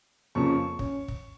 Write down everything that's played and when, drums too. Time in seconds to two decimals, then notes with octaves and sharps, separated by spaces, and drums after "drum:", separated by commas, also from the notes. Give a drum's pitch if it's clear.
0.35 F2 C#3 F3 A#3 C#4 C#6
0.79 C#4, drum: kick
1.08 drum: kick